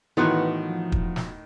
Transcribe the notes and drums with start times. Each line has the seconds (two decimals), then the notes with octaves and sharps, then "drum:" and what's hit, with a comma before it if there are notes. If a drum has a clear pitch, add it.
0.17 A2 D#3 E3 B3 F4 F#4 B4
0.68 F3
0.92 drum: kick
1.16 drum: snare